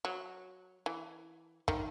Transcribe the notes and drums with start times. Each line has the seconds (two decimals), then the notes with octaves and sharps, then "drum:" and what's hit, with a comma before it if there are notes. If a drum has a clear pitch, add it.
0.05 F#3
0.86 E3
1.68 D#3, drum: kick